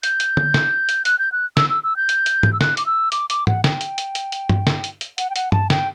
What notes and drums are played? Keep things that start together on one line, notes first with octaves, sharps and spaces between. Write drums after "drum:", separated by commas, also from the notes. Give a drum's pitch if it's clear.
G6, drum: hi-hat
drum: hi-hat
drum: tom
drum: snare
drum: hi-hat
F#6, drum: hi-hat
G6
F#6
E6, drum: snare
E6
E6
G6
drum: hi-hat
drum: hi-hat
drum: tom
E6
F#6, drum: snare
D6, drum: hi-hat
E6
D6, drum: hi-hat
D6, drum: hi-hat
F#5, drum: tom
G5, drum: snare
drum: hi-hat
drum: hi-hat
drum: hi-hat
drum: hi-hat
drum: tom G2
drum: snare
drum: hi-hat
drum: hi-hat
F#5, drum: hi-hat
G5
F#5, drum: hi-hat
A5, drum: tom G2
G5, drum: snare